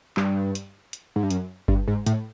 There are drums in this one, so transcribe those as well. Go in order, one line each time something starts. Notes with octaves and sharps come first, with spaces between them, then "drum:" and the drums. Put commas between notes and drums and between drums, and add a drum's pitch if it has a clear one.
G2, drum: clap
drum: hi-hat
drum: hi-hat
G#2
G2
F#2, drum: hi-hat
G2, drum: kick G1
G#2
A2, drum: hi-hat